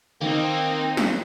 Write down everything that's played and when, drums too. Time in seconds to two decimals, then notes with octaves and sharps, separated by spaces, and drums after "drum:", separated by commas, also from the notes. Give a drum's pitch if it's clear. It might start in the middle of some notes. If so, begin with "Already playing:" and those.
0.21 D#3 A#3 C4 D#4 G5
0.97 drum: snare